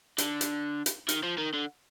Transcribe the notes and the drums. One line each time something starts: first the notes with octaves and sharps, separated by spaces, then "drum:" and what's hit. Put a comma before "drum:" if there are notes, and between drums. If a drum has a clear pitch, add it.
D3, drum: hi-hat
drum: hi-hat
drum: hi-hat
D#3, drum: hi-hat
F3
D#3
D3